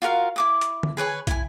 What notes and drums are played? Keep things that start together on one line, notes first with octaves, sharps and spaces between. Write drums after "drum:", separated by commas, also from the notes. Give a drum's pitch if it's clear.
F4 F#4 A#4 F5
E4 D6 D#6
drum: hi-hat
drum: tom
G#4 B4 C#5 G#5
E4 G#5, drum: kick, hi-hat